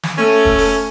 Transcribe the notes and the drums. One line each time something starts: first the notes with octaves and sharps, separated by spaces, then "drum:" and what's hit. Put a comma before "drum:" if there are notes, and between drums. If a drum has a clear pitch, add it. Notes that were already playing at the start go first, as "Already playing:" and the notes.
drum: snare
A3 C#4
drum: kick
drum: open hi-hat